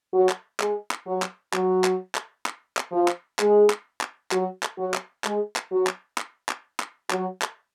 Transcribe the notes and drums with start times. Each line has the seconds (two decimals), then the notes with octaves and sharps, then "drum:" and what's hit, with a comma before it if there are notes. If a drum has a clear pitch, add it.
0.14 F#3 F#4
0.29 drum: clap
0.60 G#3 G#4, drum: clap
0.91 drum: clap
1.06 F#3 F#4
1.22 drum: clap
1.53 F#3 F#4, drum: clap
1.84 drum: clap
2.15 drum: clap
2.46 drum: clap
2.77 drum: clap
2.92 F3 F4
3.08 drum: clap
3.39 G#3 G#4, drum: clap
3.70 drum: clap
4.01 drum: clap
4.31 F#3 F#4, drum: clap
4.63 drum: clap
4.78 F#3 F#4
4.94 drum: clap
5.24 G#3 G#4, drum: clap
5.56 drum: clap
5.71 F#3 F#4
5.87 drum: clap
6.18 drum: clap
6.49 drum: clap
6.80 drum: clap
7.10 F#3 F#4, drum: clap
7.42 drum: clap